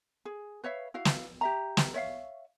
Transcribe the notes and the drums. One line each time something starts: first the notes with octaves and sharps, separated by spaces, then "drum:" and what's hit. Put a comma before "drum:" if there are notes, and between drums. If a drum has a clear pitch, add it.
G#4
B4 C#5 E5 F5
E4 F#4 F5
drum: snare
G4 E5 A#5
drum: snare
C#5 E5 F5